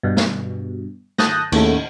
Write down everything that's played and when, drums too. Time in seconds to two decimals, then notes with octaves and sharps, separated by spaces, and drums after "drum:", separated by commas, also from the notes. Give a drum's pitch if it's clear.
0.03 G2 B2
0.17 drum: snare
1.18 A5 D#6 F#6 G6 A#6, drum: snare
1.52 D#2 A2 C#3 A3, drum: cymbal